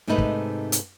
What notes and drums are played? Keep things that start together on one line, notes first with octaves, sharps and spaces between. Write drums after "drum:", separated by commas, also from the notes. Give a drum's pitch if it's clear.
G#2 C3 A3 D#4 A4 B4
drum: kick
drum: hi-hat